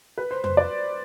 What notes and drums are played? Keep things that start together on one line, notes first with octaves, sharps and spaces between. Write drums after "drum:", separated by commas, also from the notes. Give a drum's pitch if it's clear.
B4
C5
C5, drum: tom F2
D5